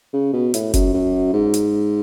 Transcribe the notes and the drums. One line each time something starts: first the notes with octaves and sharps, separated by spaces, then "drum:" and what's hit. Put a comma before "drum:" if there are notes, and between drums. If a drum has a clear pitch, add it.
C#3
B2
A2, drum: hi-hat
F#2, drum: kick, hi-hat
F#2
G#2
drum: hi-hat